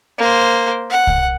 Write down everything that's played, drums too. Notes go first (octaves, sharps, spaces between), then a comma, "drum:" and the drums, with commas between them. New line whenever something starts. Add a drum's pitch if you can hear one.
A#3 C5
F#5
drum: kick C2